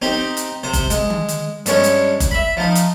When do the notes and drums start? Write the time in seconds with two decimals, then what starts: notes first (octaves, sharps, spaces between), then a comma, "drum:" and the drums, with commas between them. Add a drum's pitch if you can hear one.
0.02 C4 D#4 G4
0.37 drum: hi-hat
0.63 C3 C5
0.73 drum: kick F#1, hi-hat
0.90 G#3, drum: hi-hat
1.10 drum: tom D#3
1.29 drum: hi-hat
1.66 G2 G#3 C#4 C#5, drum: hi-hat
1.84 drum: hi-hat
2.20 drum: kick F#1, hi-hat
2.31 E5 B5
2.57 F3 D#4
2.75 drum: hi-hat